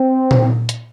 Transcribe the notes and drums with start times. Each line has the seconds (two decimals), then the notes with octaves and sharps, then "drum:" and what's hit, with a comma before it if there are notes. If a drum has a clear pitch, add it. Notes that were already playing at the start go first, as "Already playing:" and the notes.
Already playing: C4
0.31 drum: tom A#2
0.69 drum: hi-hat